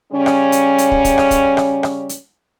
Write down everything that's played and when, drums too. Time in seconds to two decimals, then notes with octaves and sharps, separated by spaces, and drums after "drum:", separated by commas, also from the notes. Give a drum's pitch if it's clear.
0.13 C#3 G3 C#4
0.26 drum: rim click
0.52 drum: hi-hat
0.78 drum: hi-hat
0.91 drum: kick
1.05 drum: kick, hi-hat
1.18 drum: rim click
1.31 drum: kick, hi-hat
1.57 drum: rim click
1.83 drum: rim click
2.09 drum: hi-hat